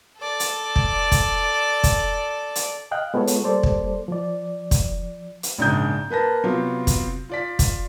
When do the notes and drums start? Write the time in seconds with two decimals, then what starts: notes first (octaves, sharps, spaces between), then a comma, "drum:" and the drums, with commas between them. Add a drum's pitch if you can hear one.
0.18 A4 D5
0.40 drum: hi-hat
0.76 drum: kick
1.12 drum: kick, hi-hat
1.84 drum: kick, hi-hat
2.55 drum: hi-hat
2.91 D#5 F5 G5 F#6
3.14 G#3 B3 F4 A4 C#5
3.27 drum: hi-hat
3.42 G3 A#3 A4 C5 D5
3.63 drum: kick
4.08 F3 D5
4.71 drum: kick, hi-hat
5.43 drum: hi-hat
5.58 A#1 G#2 C#3 D4 D#6 G6
6.10 A#3 B4 A5 A#6
6.44 C3 F#3 B3 F4
6.87 drum: kick, hi-hat
7.29 F4 D5 B6
7.59 drum: kick, hi-hat